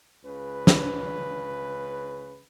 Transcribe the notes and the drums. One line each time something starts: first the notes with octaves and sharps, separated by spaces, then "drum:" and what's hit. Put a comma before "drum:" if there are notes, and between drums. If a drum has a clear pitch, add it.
C#2 C#3 B4
drum: snare